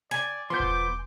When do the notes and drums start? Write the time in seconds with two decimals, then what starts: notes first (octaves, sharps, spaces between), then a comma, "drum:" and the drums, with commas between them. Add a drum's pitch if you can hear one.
0.11 D5 G#5
0.50 F3 B3 C6 D6 G6
0.60 drum: kick E1